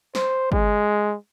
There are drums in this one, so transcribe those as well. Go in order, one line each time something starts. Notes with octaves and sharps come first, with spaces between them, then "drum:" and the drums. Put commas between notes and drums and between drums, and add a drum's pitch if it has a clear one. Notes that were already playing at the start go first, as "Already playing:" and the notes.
C5, drum: snare
G#3, drum: kick G1